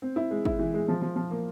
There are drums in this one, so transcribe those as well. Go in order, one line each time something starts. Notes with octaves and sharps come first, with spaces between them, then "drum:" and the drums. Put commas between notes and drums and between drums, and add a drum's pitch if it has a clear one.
C4
E4
G#3
E4, drum: kick
E3
G#3
F3
F3
F3
A#3